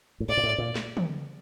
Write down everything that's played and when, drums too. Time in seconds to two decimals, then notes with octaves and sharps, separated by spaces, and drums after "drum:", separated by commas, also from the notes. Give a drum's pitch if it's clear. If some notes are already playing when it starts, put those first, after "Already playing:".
0.20 A2
0.29 G#2 D5
0.37 A#2
0.43 A2
0.58 A#2
0.76 drum: snare
0.97 drum: tom